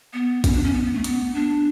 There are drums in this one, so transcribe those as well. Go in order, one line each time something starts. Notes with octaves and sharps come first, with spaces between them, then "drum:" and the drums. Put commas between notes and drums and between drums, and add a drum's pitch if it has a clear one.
B3
C#4, drum: kick A1, hi-hat
D4
C#4
B3
B3
A3
B3, drum: hi-hat
D4